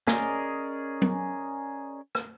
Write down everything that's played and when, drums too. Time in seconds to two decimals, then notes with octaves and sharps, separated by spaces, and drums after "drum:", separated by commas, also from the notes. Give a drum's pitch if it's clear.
0.07 C#4 G#4 A#4 D5 D#5, drum: snare
1.02 drum: tom F#3
2.15 drum: rim click